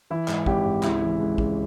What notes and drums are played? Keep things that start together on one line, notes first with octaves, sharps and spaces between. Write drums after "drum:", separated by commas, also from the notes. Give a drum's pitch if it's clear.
E3 E4
G#2, drum: clap
G#1 G4, drum: kick
G#1
C#2 E4, drum: clap
E3
C#2
C#2, drum: kick